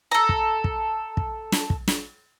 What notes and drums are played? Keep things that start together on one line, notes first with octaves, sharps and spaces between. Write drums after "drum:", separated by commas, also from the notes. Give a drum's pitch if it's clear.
A4 A#5
drum: kick
drum: kick
drum: kick
drum: snare
drum: kick
drum: snare